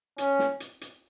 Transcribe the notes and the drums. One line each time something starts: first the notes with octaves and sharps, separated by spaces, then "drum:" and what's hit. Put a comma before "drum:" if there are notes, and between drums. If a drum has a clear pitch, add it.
C#4, drum: hi-hat
drum: snare
drum: hi-hat
drum: hi-hat